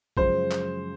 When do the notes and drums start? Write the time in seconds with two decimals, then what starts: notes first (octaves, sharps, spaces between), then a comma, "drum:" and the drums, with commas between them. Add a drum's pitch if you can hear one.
0.17 F#2 C#3 F3 G#3 C5, drum: kick A#1
0.51 drum: clap